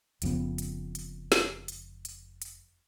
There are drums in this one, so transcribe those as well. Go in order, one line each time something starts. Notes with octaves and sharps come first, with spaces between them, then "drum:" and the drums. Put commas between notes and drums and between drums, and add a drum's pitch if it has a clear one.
F1 F2 C#3 B3, drum: hi-hat
drum: hi-hat
drum: hi-hat
drum: snare
drum: hi-hat
drum: hi-hat
drum: hi-hat